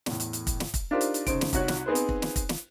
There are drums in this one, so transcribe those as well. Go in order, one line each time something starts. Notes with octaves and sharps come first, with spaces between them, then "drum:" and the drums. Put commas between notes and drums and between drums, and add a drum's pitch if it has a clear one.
E2 A2, drum: snare
drum: hi-hat
drum: hi-hat
drum: kick, hi-hat
drum: snare
drum: kick, hi-hat
D4 D#4 F4 G4 A#4 C5
drum: hi-hat
drum: hi-hat
E1 C#3 D#4 C5 D7, drum: kick, hi-hat
drum: snare
C2 D#4 F#4 C#5 F#6, drum: kick, hi-hat
drum: snare
B3 C4 D#4 G#4 B4 C5
drum: hi-hat
drum: kick
drum: snare
drum: kick, hi-hat
drum: snare